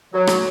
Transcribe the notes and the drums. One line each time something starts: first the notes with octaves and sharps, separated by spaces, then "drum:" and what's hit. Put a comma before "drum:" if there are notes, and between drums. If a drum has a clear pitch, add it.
F#3
drum: rim click